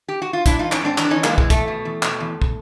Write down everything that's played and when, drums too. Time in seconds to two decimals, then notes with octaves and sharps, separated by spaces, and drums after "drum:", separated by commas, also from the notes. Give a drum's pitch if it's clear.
0.08 G4
0.22 F#4
0.33 F4
0.46 G#2 D4 E4, drum: kick, hi-hat
0.59 E3 D#4 F4
0.72 C#4 D#4, drum: clap
0.81 G#2 C4 D4
0.98 E3, drum: clap
1.05 D4
1.11 C#4 D#4
1.16 E3
1.24 G#3 A#3, drum: clap
1.33 E3
1.38 G#3, drum: kick
1.50 E2 A3, drum: kick, hi-hat
1.68 B2
1.85 E2
2.03 B2, drum: clap
2.20 E2
2.42 drum: kick